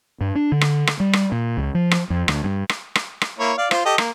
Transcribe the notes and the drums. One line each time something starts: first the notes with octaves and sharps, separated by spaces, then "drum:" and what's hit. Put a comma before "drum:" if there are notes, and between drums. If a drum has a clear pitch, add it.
G2
D4
D3
drum: rim click
drum: rim click
G3
drum: rim click
A#2
C#2
F3
drum: rim click
F2
D2, drum: rim click
G2
drum: rim click
drum: rim click
drum: rim click
A#3 E4 C#5
D5 F5
F4 C5, drum: rim click
G4 A4 D#5
A#3, drum: rim click